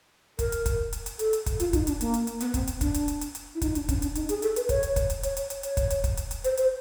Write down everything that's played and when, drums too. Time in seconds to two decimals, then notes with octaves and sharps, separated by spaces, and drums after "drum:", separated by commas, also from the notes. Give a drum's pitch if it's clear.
0.39 A#4, drum: kick, hi-hat
0.52 drum: hi-hat
0.66 drum: kick, hi-hat
0.93 drum: hi-hat
1.06 drum: hi-hat
1.19 A4, drum: hi-hat
1.33 drum: hi-hat
1.46 drum: kick, hi-hat
1.60 F4, drum: hi-hat
1.73 D#4, drum: kick, hi-hat
1.87 D4, drum: hi-hat
2.01 A#3, drum: hi-hat
2.14 drum: hi-hat
2.27 drum: hi-hat
2.40 B3, drum: hi-hat
2.54 C4, drum: kick, hi-hat
2.67 drum: hi-hat
2.81 D4, drum: kick, hi-hat
2.94 drum: hi-hat
3.08 drum: hi-hat
3.21 drum: hi-hat
3.35 drum: hi-hat
3.55 E4
3.62 D#4, drum: kick, hi-hat
3.75 D4, drum: hi-hat
3.89 C#4, drum: kick, hi-hat
4.02 D4, drum: hi-hat
4.15 D#4, drum: hi-hat
4.29 G#4, drum: hi-hat
4.42 A4, drum: hi-hat
4.56 B4, drum: hi-hat
4.69 C#5, drum: kick, hi-hat
4.83 drum: hi-hat
4.96 drum: kick, hi-hat
5.10 drum: hi-hat
5.23 C#5, drum: hi-hat
5.37 drum: hi-hat
5.50 drum: hi-hat
5.63 C#5, drum: hi-hat
5.77 drum: kick, hi-hat
5.90 drum: hi-hat
6.04 drum: kick, hi-hat
6.17 drum: hi-hat
6.31 drum: hi-hat
6.44 C5, drum: hi-hat
6.57 C5, drum: hi-hat